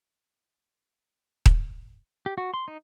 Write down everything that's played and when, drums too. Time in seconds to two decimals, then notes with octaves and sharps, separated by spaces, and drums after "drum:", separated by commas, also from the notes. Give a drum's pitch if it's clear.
1.46 drum: kick D#1
2.26 G4
2.38 F#4
2.54 C6
2.68 D#4